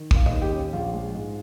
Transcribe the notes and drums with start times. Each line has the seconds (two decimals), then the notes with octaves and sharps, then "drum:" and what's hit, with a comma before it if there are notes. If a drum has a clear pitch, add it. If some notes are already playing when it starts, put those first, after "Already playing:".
Already playing: D#3
0.11 A#3 F5, drum: kick
0.26 D#2 D#4 D#5, drum: tom
0.42 G4 G5
0.52 C#4
0.73 A#1 F4 F5
0.93 G#3
1.15 G#2